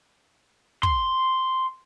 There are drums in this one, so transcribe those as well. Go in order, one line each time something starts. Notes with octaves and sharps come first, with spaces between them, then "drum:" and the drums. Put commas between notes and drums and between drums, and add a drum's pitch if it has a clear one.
C6, drum: kick